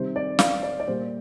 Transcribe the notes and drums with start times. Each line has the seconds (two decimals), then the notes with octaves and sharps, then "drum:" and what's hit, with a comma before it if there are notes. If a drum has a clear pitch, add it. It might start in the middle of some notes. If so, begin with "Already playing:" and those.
Already playing: C3 D#3 G3 C5
0.16 D5
0.39 F5, drum: snare
0.63 D5
0.80 D5
0.88 A#2 G3 C5